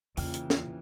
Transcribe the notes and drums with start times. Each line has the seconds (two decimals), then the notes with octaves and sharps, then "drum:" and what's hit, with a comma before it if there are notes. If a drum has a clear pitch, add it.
0.17 E2 C#3 E3 A#3 F4 G5 F6, drum: open hi-hat
0.34 drum: hi-hat
0.50 drum: snare